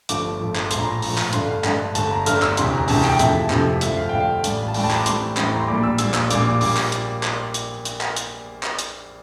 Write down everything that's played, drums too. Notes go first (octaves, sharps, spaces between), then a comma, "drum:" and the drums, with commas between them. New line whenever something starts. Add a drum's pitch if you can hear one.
G1 G2 F3 A3 D6, drum: hi-hat
G1 G2 F3 A3
drum: clap
A#1 A2 F3 C6, drum: hi-hat
A#5
C6
A#1 A2 F3, drum: open hi-hat
drum: clap
G2 D3 A3 C6, drum: hi-hat
F5
G2 D3 A3, drum: clap
G1 G2 D3 A3 A5, drum: hi-hat
A#5
G1 G2 D3 A3 F6, drum: hi-hat
E6, drum: clap
E1 D2 C3 E3 C6, drum: hi-hat
A#5
E1 D2 C3 E3 A5, drum: open hi-hat
G5, drum: clap
F2 C3 F3 A3 E4 E5, drum: hi-hat
F2 C3 F3 A3 E4, drum: clap
G2 D3 F3 A3 E5, drum: hi-hat
F5
G2 D3 F3 A3 G5
F5
A1 A2 G3 D4 F4, drum: hi-hat
A5
A1 A2 G3 D4 F4 G5, drum: open hi-hat
A5
A#5, drum: clap
D6
A2 E3 G3 C4 E4 C6, drum: hi-hat
A2 E3 G3 C4 E4, drum: clap
A#5
C6
A#1 A#2 G3 A#3 D6
E6
A#1 A#2 G3 A#3 E6, drum: hi-hat
E6, drum: clap
A#1 A#2 G3 A#3 D6, drum: hi-hat
D6
A#1 A#2 G3 A#3 D6, drum: open hi-hat
drum: clap
drum: hi-hat
drum: clap
drum: hi-hat
drum: hi-hat
drum: clap
drum: hi-hat
drum: clap
drum: hi-hat